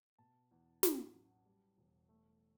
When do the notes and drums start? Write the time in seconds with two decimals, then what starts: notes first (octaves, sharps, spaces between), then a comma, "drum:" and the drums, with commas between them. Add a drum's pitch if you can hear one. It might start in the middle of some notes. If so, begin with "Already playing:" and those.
0.18 B2 A5
0.51 E2
0.83 A1, drum: snare
1.14 F#3
1.45 G3
1.78 E1
2.09 A3